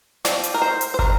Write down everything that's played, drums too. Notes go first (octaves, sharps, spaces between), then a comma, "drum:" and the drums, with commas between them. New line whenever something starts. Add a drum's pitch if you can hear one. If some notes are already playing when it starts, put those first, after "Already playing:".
F3 C4 D5, drum: snare
drum: hi-hat
A#4
C5
drum: hi-hat
C5
G3 D4 A#4, drum: kick